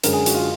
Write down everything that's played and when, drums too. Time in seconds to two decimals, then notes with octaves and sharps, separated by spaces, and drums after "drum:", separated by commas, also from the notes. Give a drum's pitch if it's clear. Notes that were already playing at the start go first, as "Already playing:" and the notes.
0.04 F#2 D3 G#3 A#4, drum: hi-hat
0.13 G#4
0.26 F#4, drum: hi-hat
0.34 F4